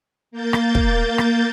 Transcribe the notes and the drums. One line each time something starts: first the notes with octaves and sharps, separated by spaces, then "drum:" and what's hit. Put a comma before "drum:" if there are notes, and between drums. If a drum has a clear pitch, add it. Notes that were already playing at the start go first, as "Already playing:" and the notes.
A#3 G6 A6
drum: rim click
drum: kick
drum: rim click